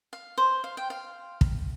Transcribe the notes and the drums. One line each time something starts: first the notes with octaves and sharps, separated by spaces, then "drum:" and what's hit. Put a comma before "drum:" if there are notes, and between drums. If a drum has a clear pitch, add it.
F5
C5
F5
G5
F5
drum: kick